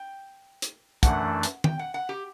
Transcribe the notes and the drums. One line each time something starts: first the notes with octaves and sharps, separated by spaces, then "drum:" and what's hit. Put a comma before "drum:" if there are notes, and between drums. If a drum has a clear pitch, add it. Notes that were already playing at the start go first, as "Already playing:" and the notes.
Already playing: G5
drum: hi-hat
F#2 E3 A3 D4 F#5, drum: kick, hi-hat
drum: hi-hat
G5, drum: tom D#3
F#5
F#5
G4